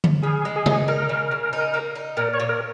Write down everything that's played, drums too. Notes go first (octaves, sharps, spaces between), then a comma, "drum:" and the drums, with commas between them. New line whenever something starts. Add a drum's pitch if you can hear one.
drum: tom D3
C#3 G#4
G#3
G#4
D#4, drum: tom C#3
D#4 A#4
C#3
C#3
D#4
A#3
D#4
A#2 A#4
C#5
A#2
A#4